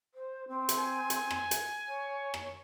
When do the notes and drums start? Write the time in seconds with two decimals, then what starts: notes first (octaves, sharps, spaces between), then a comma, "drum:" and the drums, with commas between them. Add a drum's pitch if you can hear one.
0.14 C5
0.48 C4
0.69 drum: hi-hat
0.78 G#5
1.10 drum: hi-hat
1.31 drum: rim click
1.51 drum: hi-hat
1.88 C#5
2.34 drum: rim click